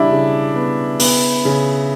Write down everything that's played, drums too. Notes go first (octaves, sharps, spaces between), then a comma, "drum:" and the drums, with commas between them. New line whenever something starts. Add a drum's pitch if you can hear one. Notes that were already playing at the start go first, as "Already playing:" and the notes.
Already playing: C#3 G3 D4 E4
C#3
B3
B3, drum: open hi-hat
C#3